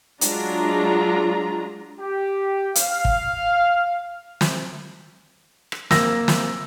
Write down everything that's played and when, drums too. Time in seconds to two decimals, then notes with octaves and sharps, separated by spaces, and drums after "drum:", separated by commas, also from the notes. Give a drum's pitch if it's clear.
0.21 F#3 G#3 D4 F4 A#5, drum: hi-hat
1.99 G4
2.75 F5, drum: hi-hat
3.05 drum: kick
4.41 drum: snare
5.72 drum: rim click
5.91 A#3 E6 A#6, drum: snare
6.28 drum: snare